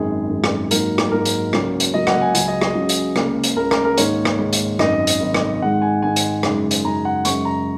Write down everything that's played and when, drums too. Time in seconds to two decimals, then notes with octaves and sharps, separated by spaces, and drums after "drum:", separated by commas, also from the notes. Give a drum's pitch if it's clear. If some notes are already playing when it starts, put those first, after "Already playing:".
Already playing: G#1 F#2 D#3 G#3 G#4
0.30 G#1 F#2 D#3 G#3
0.44 drum: rim click
0.71 G#2 F#3 A#3 D#4 A#4, drum: hi-hat
0.98 drum: rim click
1.12 G#2 F#3 A#3 D#4 A#4
1.25 drum: hi-hat
1.53 C#2 C#3 F#3 A#3 C#4, drum: rim click
1.80 drum: hi-hat
1.93 C#2 C#3 F#3 A#3 C#4 D#5
2.07 F#5, drum: rim click
2.21 G#5
2.35 C#2 C#3 F#3 G#5, drum: hi-hat
2.48 D#5
2.61 D#5, drum: rim click
2.75 C#2 C#3 F#3
2.89 drum: hi-hat
3.16 C#2 C#3 A#3, drum: rim click
3.44 drum: hi-hat
3.57 C#2 C#3 A#3 A#4
3.71 A#4, drum: rim click
3.85 A#4
3.98 G#2 D#3 A#3 D#4 C#5, drum: hi-hat
4.25 drum: rim click
4.38 G#2 D#3 A#3 D#4
4.53 drum: hi-hat
4.79 G#1 F#2 D#3 D#5, drum: rim click
5.07 drum: hi-hat
5.20 G#1 F#2 D#3
5.34 drum: rim click
5.62 G#2 D#3 G#3 F#5
5.82 G#5
6.02 G#2 D#3 G#3 G#5
6.16 drum: hi-hat
6.43 F#2 C#3 G#3 D#4, drum: rim click
6.71 drum: hi-hat
6.85 F#2 C#3 G#3 D#4 A#5
7.05 F#5
7.25 F#2 C#3 G#3 C#6, drum: hi-hat
7.45 A#5